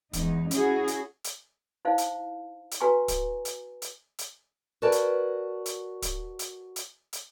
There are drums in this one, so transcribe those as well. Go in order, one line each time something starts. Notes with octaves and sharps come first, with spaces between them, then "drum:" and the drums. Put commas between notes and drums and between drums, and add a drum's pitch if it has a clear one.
E2 G#2 D#4, drum: kick, hi-hat
C#4 E4 F#4 G#4, drum: hi-hat
drum: hi-hat
drum: hi-hat
D#4 E4 C5 F5
drum: hi-hat
drum: hi-hat
F#4 B4 G#5 A#5 C#6
drum: kick, hi-hat
drum: hi-hat
drum: hi-hat
drum: hi-hat
F#4 A#4 B4 C#5 D5 A5
drum: hi-hat
drum: hi-hat
drum: kick, hi-hat
drum: hi-hat
drum: hi-hat
drum: hi-hat